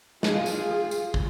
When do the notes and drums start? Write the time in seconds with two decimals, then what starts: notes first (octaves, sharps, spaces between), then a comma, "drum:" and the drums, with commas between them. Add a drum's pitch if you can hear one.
0.23 F4 G#4, drum: snare
0.46 drum: tambourine
0.91 drum: tambourine
1.14 drum: kick